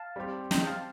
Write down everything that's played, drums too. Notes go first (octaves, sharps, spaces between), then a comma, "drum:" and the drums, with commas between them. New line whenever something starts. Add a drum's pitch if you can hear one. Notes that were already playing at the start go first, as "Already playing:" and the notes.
Already playing: F5 A5
G3 C4 G4
D#5 G5, drum: snare
F5 A5